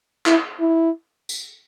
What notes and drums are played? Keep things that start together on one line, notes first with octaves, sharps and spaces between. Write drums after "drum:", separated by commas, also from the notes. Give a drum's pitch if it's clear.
E4, drum: clap
E4
drum: tambourine